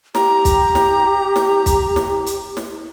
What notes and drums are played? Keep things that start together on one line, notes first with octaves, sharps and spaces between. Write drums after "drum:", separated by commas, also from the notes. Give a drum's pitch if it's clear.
G4 A#5, drum: snare
drum: kick, hi-hat
drum: snare
drum: snare
drum: kick, hi-hat
drum: snare
drum: hi-hat
drum: snare